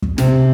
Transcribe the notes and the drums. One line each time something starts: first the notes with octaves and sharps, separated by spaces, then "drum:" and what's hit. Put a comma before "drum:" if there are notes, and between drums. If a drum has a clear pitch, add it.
drum: kick
C3, drum: snare